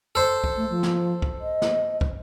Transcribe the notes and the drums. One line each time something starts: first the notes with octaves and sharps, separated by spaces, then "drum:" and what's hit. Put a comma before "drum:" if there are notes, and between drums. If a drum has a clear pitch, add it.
A4 C5
drum: kick
A3
F3
drum: snare
drum: kick
D#5
drum: snare
drum: kick